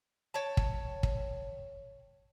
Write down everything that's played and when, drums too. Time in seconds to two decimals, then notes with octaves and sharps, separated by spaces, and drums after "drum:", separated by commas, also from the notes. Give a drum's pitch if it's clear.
0.34 C#5 G5 A5
0.57 drum: kick
1.03 drum: kick